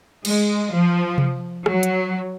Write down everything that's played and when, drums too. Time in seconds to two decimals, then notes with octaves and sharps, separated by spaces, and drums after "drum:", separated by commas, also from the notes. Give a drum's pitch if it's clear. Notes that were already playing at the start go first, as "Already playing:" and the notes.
0.25 G#3, drum: cymbal
0.72 F3
1.18 drum: tom C3
1.66 F#3, drum: rim click
1.83 drum: hi-hat